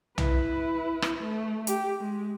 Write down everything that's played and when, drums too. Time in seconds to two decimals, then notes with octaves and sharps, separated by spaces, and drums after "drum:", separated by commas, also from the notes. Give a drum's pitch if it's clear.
0.18 E4 B4, drum: tom B1
1.02 drum: rim click
1.22 A3
1.67 G4, drum: hi-hat
2.00 G#3